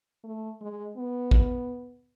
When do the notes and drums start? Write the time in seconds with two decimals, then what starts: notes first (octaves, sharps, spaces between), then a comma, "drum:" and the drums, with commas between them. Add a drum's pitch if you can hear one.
0.24 A3
0.61 G#3
0.97 B3
1.31 drum: kick